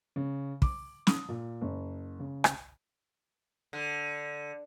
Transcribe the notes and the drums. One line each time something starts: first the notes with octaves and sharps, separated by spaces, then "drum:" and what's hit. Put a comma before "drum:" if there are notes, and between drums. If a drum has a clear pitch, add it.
C#3
D6, drum: kick
D#6, drum: snare
A#2
F#1
C#3
drum: rim click
D3